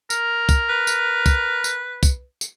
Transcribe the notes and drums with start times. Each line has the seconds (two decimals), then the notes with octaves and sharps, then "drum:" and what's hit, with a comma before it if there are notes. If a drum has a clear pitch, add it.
0.10 A#4, drum: tambourine
0.49 drum: kick, tambourine
0.69 B4
0.87 drum: tambourine
1.26 drum: kick, tambourine
1.64 drum: tambourine
2.03 drum: kick, tambourine
2.41 drum: tambourine